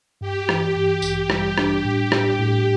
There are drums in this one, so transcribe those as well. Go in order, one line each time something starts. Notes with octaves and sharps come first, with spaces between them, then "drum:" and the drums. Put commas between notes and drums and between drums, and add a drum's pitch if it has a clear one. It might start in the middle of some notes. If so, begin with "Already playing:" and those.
G2 G4
E3, drum: rim click
G2
A1, drum: tambourine
G3, drum: rim click
D4, drum: rim click
A2
G4, drum: rim click
A2